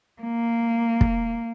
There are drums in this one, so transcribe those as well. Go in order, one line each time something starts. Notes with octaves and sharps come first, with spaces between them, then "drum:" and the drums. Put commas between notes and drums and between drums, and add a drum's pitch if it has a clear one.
A#3
drum: kick